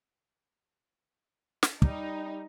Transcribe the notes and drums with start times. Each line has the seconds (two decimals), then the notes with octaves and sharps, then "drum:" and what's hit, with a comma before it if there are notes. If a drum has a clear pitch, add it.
1.63 drum: snare
1.82 G3 D#4, drum: kick